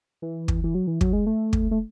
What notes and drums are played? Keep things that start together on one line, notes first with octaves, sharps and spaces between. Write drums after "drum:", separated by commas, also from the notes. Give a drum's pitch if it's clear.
E3
drum: kick
E3
F#3
E3
F#3, drum: kick
G#3
A3
drum: kick
A3